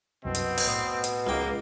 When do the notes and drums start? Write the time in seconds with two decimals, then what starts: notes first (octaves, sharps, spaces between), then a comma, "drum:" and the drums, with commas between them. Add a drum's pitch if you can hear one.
0.25 C2 F#2 B2 C4
0.35 drum: hi-hat
0.58 drum: open hi-hat
0.67 A2 B4 D#6
1.04 drum: hi-hat
1.27 C#2 A#3 G5